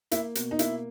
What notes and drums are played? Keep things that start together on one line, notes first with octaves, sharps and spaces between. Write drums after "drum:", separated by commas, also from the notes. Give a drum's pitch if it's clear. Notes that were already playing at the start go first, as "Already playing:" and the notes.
A#3 E4, drum: hi-hat
B2, drum: hi-hat
D#4
A#3 E4, drum: hi-hat